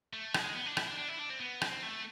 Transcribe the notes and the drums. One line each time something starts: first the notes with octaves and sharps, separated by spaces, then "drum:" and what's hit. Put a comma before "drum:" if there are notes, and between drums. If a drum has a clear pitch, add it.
A3
G#3, drum: rim click
B3
D4
E4, drum: rim click
D4
D4
E4
D4
C4
B3
C4, drum: rim click
A3